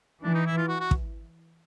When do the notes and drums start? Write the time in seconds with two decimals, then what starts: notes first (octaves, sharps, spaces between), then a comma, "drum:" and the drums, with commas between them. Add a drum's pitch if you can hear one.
0.23 E3 D4
0.34 D#4
0.46 E4
0.57 F4
0.68 F#4
0.80 F#4
0.91 drum: kick